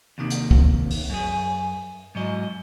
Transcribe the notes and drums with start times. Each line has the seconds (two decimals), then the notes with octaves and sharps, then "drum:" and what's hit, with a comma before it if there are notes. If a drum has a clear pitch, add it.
0.18 D#2 C3 D#3
0.30 drum: hi-hat
0.51 drum: kick
0.90 drum: open hi-hat
1.10 F#2 G#4
2.15 G#2 F#3 D#5